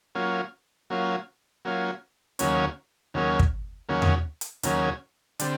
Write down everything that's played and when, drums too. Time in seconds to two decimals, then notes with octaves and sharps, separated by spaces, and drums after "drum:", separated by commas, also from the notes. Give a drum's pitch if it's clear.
0.15 F#3 A#3 C#4 F4
0.90 F#3 A#3 C#4 F4
1.65 F#3 A#3 C#4 F4
2.39 D#2 C#3 F#3 A#3 C#4, drum: hi-hat
3.14 D#2 C#3 F#3 A#3 C#4
3.39 drum: kick
3.89 D#2 C#3 F#3 A#3 C#4
4.02 drum: tom E2
4.41 drum: hi-hat
4.63 D#2 C#3 F#3 A#3 C#4, drum: hi-hat
5.40 D3 G3 C4, drum: hi-hat